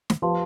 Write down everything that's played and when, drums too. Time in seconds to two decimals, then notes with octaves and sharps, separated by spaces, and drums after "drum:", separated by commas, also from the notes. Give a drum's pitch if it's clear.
0.10 drum: snare
0.22 F3 G4 B4 F5 A5 C6